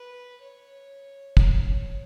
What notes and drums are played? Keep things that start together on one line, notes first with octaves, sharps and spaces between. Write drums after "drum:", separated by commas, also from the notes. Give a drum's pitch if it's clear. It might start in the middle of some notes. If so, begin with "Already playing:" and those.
Already playing: B4
C#5
C#5, drum: kick